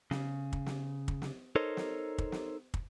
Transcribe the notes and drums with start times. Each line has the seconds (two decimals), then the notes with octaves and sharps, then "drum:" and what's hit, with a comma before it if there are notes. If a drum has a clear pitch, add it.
0.11 C#3, drum: snare
0.53 drum: kick
0.66 drum: snare
1.08 drum: kick
1.22 drum: snare
1.56 D#4 A4 A#4 C5 C#5 D#5
1.77 drum: snare
2.18 drum: kick
2.32 drum: snare
2.74 drum: kick